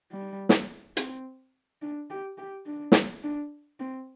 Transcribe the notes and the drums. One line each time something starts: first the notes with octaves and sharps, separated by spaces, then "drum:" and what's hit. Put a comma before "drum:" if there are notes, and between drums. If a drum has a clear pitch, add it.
G3
drum: snare
C4, drum: hi-hat
D4
G4
G4
D4
drum: snare
D4
C4